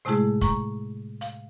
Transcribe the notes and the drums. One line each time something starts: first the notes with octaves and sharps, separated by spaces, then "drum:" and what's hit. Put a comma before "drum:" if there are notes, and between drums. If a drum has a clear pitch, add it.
A2 C3 G#3 A3 E4 G#4
A#5 C#6, drum: kick, hi-hat
F5, drum: hi-hat